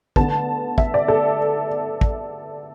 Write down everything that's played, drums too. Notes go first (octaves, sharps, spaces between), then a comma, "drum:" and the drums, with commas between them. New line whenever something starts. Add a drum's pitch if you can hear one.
D3 B3 A5, drum: kick
E5, drum: kick
D5
A4
drum: kick